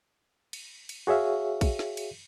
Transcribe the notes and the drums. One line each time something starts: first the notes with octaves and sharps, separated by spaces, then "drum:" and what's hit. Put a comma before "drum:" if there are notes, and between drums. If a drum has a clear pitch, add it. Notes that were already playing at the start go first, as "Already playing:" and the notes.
drum: cymbal
drum: cymbal
F#4 G#4 C#5 E5 F5
drum: kick, cymbal
drum: snare
drum: cymbal